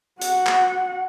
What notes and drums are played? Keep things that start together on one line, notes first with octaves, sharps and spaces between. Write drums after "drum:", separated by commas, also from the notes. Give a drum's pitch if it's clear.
F#4 F#5, drum: hi-hat
drum: clap